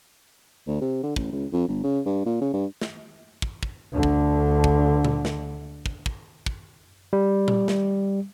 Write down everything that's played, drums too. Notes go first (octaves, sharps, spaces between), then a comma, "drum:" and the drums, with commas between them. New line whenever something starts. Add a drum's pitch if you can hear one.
D2
C3
D3
A1, drum: kick
C#2
F2
G1
C#3
G2
A#2
C#3
G2
drum: snare
drum: kick
drum: kick
D2 D3
drum: kick
drum: kick
drum: tom A#2
drum: snare
drum: kick
drum: kick
drum: kick
G3
drum: tom A#2
drum: snare